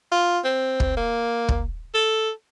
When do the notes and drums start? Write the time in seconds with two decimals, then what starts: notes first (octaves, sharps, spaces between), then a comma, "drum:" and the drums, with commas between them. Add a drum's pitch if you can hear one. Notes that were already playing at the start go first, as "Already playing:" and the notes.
0.12 F4
0.44 C4
0.80 drum: kick
0.97 A#3
1.49 drum: kick
1.94 A4